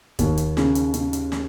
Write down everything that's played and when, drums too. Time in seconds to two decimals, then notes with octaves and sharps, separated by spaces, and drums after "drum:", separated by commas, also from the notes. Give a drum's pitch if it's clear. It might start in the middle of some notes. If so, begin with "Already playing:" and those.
0.19 D#2, drum: kick, hi-hat
0.37 drum: hi-hat
0.57 C#3, drum: snare
0.75 drum: hi-hat
0.94 C#3, drum: hi-hat
1.13 drum: hi-hat
1.32 drum: snare